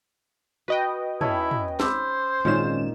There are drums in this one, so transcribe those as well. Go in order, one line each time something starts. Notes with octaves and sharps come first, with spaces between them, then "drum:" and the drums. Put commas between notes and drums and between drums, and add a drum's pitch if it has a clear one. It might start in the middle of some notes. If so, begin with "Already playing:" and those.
F#4 B4 D#5 G5
C#4 E4 C#5 A5 B5, drum: tom
drum: tom
C5 B5 D6 E6, drum: snare C4
G#1 A#2 D#3 G#3 C#4 F5 E7